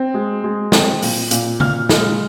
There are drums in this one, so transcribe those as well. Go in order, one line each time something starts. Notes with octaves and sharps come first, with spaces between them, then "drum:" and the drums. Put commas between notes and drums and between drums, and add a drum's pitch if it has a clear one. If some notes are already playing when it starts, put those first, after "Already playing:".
Already playing: C4
G#3
G#3
C4, drum: snare
A#2, drum: open hi-hat
A#2, drum: hi-hat
A#2 F6, drum: tom C#3
G#3, drum: snare